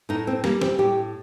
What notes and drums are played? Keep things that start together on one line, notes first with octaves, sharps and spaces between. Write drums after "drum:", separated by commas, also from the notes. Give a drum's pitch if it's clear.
A2 D#4
C4
G3 A#3, drum: snare
C4, drum: snare
A2 G4